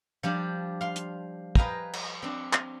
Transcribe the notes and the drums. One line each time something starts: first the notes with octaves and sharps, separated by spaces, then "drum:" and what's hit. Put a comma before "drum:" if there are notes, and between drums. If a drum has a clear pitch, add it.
F3 G3 D4
F5 C6
drum: hi-hat
B4 D#5 F5 G5 G#5 A#5, drum: kick
drum: cymbal
C4 D4
drum: clap